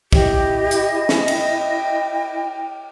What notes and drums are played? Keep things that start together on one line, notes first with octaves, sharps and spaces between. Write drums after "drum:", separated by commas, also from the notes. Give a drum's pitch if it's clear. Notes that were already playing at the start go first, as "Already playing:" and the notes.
E4 G4 D#5, drum: kick
drum: hi-hat
drum: snare
G5, drum: cymbal